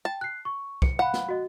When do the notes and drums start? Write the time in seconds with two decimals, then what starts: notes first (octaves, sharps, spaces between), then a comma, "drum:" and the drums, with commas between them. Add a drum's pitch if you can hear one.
0.05 G5 A5
0.21 F#6 C7
0.45 C#6
0.82 C#7, drum: kick
0.99 F5 F#5 B5
1.14 drum: snare
1.29 F#4 D#5